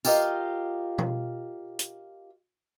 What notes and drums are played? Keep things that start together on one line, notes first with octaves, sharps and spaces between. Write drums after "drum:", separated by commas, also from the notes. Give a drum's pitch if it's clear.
F4 G4 A#4 D#5 F5, drum: tambourine
drum: tom
drum: hi-hat